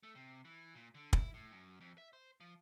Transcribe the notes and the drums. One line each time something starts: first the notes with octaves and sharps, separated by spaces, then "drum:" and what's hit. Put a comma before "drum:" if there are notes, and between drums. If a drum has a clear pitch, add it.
A3
C3
E3
A#2
D3
E4, drum: kick
A2
F#2
F2
E5
C5
F3